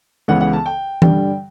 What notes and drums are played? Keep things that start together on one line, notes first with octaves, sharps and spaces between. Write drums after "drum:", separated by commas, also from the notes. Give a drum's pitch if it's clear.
C#2 C#3 E3 B3 F#5
F#5
A5
G5
G2 D3 G3 G5, drum: tom E3